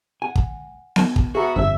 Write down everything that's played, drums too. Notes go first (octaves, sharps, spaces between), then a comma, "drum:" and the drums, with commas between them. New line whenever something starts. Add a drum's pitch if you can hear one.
F#5 G#5
drum: kick
drum: snare B3
drum: kick
B3 F#4 G#4 E5 A#5
G1 F2 E5